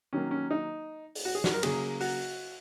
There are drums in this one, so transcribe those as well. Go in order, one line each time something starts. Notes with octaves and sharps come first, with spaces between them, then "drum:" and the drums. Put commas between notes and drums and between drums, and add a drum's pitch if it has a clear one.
D#3 F#3 A#3 C#4
C#4
D#4
drum: open hi-hat
F#4
G#4
F#4, drum: snare
A#4
C#3 F#3 A#3 G#4, drum: cymbal
F#4, drum: open hi-hat